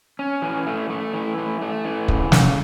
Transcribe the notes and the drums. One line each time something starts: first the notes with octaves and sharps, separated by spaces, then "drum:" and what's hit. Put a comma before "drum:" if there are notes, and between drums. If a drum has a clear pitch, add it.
C#4
E3
A3
A3
E3
A3
A3
E3
C#3, drum: kick
C#3, drum: snare